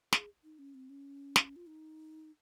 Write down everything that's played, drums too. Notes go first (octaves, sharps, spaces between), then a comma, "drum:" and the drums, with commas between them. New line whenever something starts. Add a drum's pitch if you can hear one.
G#4, drum: snare
D#4
C#4
C4
C#4
drum: snare
F4
D#4